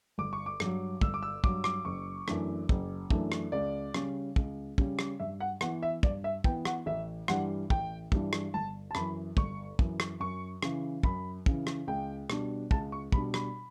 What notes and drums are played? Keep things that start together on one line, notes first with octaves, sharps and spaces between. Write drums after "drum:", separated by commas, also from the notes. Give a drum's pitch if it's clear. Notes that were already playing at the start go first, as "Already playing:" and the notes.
G1 D6
C#6
D6
G2 F#3, drum: rim click
G1 E6, drum: kick
D6
E6
G2 F#3 D6, drum: kick
D6, drum: rim click
F#1 C#6
F#2 E3 A3 D4, drum: rim click
F#1, drum: kick
F#2 E3 A3 D4, drum: kick
drum: rim click
C#2 D5
C#3 G3 C#4, drum: rim click
C#2, drum: kick
C#3 G3 C#4, drum: kick
drum: rim click
G2 E5
F#5
E3 B3 F#5, drum: rim click
E5
G2 D5, drum: kick
E5
E3 B3 G5, drum: kick
F#5, drum: rim click
A1 E5
G2 E3 G3 D4 F#5, drum: rim click
A1 G5, drum: kick
G2 E3 G3 D4, drum: kick
drum: rim click
G1 A5
A5
F#2 E3 B5, drum: rim click
G1 C#6, drum: kick
F#2 E3, drum: kick
drum: rim click
F#2 C#6
C#3 E3, drum: rim click
F#2 B5, drum: kick
C#3 E3, drum: kick
drum: rim click
C#2 G5
B2 G3 D4, drum: rim click
C#2 A5, drum: kick
C#6
B2 G3 D4 B5, drum: kick
B5, drum: rim click